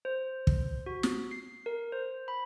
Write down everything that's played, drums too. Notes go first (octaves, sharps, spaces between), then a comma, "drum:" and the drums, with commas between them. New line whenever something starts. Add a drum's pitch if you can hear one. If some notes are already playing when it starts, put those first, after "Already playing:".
C5
drum: kick
F#4
drum: snare
C7
A#4
C5
B5